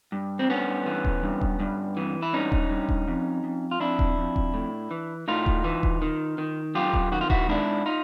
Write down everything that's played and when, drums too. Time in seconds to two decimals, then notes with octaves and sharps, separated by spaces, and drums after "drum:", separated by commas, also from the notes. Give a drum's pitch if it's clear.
0.12 G2
0.39 C4
0.49 G2 B3 C#4
0.86 E3
1.05 drum: kick D#1
1.23 G2
1.41 drum: kick D#1
1.60 G2
1.96 E3
2.22 E4
2.33 G2 C#4 D#4
2.52 drum: kick D#1
2.70 G2
2.89 drum: kick D#1
3.08 F2
3.44 F2
3.71 F4
3.80 F2 D4 E4
3.99 drum: kick D#1
4.17 F2
4.36 drum: kick D#1
4.54 A2
4.91 E3
5.28 A2 D#4 F4
5.46 drum: kick D#1
5.64 E3
5.83 drum: kick D#1
6.02 D#3
6.38 D#3
6.75 F#2 F4 G4
6.94 drum: kick D#1
7.12 D#3 F#4
7.21 F4
7.30 E4 F#4, drum: kick D#1
7.49 G#2 D4 E4
7.86 D#4 F4